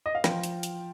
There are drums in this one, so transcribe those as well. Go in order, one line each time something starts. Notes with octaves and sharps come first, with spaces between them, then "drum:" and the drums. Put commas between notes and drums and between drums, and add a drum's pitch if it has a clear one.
D#5
F5
F3 G5, drum: snare
drum: hi-hat
drum: hi-hat